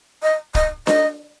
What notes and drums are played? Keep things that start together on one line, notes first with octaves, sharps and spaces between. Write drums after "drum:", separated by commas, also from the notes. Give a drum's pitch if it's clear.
D#5
D#5, drum: kick
D#5, drum: snare D4